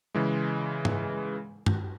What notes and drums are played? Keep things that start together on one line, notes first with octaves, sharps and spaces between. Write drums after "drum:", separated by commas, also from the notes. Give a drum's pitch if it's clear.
C#3 E3 G#3
drum: tom G#2
drum: tom G2